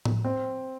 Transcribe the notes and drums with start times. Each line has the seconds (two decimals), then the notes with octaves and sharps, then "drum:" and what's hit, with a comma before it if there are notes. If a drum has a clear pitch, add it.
0.05 drum: tom A2
0.24 C4